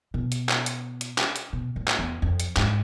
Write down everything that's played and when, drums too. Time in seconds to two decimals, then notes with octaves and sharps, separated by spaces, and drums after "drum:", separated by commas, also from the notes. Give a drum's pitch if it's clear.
0.14 B2
0.32 drum: hi-hat
0.49 drum: clap
0.66 drum: hi-hat
1.01 drum: hi-hat
1.18 drum: clap
1.36 drum: hi-hat
1.53 B2
1.76 A2
1.88 drum: clap
1.99 E2
2.22 F2
2.40 drum: hi-hat
2.57 G#2, drum: clap